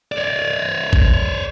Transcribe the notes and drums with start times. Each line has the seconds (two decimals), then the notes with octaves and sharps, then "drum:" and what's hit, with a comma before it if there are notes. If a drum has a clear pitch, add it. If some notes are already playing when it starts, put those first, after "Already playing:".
0.12 C#5 D5
0.93 drum: kick A1